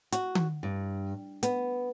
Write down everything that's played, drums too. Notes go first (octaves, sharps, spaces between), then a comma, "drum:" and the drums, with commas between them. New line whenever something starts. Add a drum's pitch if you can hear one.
F#4, drum: hi-hat
drum: tom D#3
G2
B3, drum: hi-hat